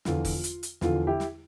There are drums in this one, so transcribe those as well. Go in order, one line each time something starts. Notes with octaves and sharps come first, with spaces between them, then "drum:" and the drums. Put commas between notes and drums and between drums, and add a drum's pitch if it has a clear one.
E2 D3 F3 F4, drum: snare
drum: kick F1, open hi-hat
drum: hi-hat
drum: hi-hat
E2 D3 F3 F4, drum: snare
E4 G4
drum: snare